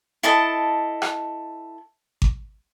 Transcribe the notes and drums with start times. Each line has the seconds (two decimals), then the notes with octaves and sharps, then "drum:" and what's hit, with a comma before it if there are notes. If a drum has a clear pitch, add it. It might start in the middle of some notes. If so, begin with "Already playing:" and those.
0.23 E4 A4 D#5 A5
1.02 drum: rim click
2.22 drum: kick G#1